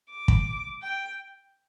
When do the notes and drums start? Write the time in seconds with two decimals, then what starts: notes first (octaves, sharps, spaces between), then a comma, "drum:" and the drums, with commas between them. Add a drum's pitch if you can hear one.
0.10 D6
0.28 drum: kick
0.83 G5